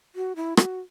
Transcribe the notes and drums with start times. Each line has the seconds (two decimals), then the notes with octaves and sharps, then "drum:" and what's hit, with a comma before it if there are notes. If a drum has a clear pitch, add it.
0.15 F#4
0.36 E4
0.57 F#4, drum: rim click